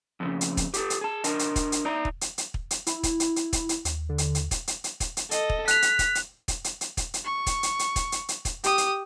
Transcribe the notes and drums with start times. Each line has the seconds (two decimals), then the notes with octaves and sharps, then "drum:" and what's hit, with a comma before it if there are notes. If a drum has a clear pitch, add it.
0.20 F2 A2 C#3
0.41 drum: hi-hat
0.57 drum: kick, hi-hat
0.74 G4 A4, drum: hi-hat
0.90 drum: hi-hat
1.01 G#4 A5
1.24 D4 A#4 D#5, drum: hi-hat
1.39 drum: hi-hat
1.56 drum: kick, hi-hat
1.72 drum: hi-hat
1.85 D#4 D5 A#5
2.05 drum: kick
2.21 drum: hi-hat
2.38 drum: hi-hat
2.54 drum: kick
2.71 drum: hi-hat
2.87 E4, drum: hi-hat
3.03 drum: kick, hi-hat
3.20 drum: hi-hat
3.36 drum: hi-hat
3.53 drum: kick, hi-hat
3.69 drum: hi-hat
3.85 D#2, drum: hi-hat
4.09 D3
4.18 drum: hi-hat
4.35 drum: hi-hat
4.51 drum: kick, hi-hat
4.67 drum: hi-hat
4.84 drum: hi-hat
5.00 drum: kick, hi-hat
5.17 drum: hi-hat
5.31 A4 D#5, drum: hi-hat
5.50 drum: kick
5.68 F#6 B6 F7, drum: hi-hat
5.82 drum: hi-hat
5.99 drum: kick, hi-hat
6.15 drum: hi-hat
6.48 drum: kick, hi-hat
6.64 drum: hi-hat
6.81 drum: hi-hat
6.97 drum: kick, hi-hat
7.14 drum: hi-hat
7.24 C#6
7.46 drum: kick, hi-hat
7.63 drum: hi-hat
7.79 drum: hi-hat
7.96 drum: kick, hi-hat
8.12 drum: hi-hat
8.29 drum: hi-hat
8.45 drum: kick, hi-hat
8.64 G4 D#6, drum: hi-hat
8.78 drum: hi-hat